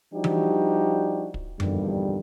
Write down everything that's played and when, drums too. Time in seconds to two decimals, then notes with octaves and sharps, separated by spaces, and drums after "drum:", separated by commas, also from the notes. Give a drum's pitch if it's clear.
0.14 F3 G3 D4 D#4 F#4 G4
0.24 drum: tom E3
1.34 drum: kick
1.60 A#1 E2 G2 D3 D#3 G3, drum: tom F#2